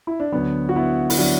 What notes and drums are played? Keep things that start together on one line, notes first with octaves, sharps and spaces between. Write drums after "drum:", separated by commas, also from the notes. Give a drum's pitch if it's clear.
E4
D4
D2 D3 F#3 B3
F#4
B3 E4
E4, drum: open hi-hat
D3 F#3 D4 F#4